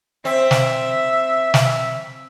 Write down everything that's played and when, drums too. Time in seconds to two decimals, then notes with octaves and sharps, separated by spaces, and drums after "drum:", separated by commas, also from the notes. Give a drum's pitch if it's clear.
0.25 C4 E5
0.51 drum: snare
1.54 drum: snare